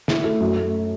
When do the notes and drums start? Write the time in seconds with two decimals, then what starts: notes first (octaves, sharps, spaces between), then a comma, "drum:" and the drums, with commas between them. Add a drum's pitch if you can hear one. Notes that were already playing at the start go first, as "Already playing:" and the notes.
0.08 E4, drum: snare
0.24 A3
0.41 F#2
0.57 A3